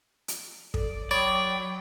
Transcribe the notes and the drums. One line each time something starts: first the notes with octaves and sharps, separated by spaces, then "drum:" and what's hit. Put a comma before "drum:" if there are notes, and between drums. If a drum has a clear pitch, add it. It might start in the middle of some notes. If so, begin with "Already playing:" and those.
drum: hi-hat
A4 D5, drum: kick
F#3 C#5 D5 G5 B5 D#6